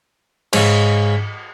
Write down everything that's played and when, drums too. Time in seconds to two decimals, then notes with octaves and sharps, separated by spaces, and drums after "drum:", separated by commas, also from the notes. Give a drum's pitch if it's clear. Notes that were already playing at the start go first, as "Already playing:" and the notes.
0.53 G#2 C#3, drum: cymbal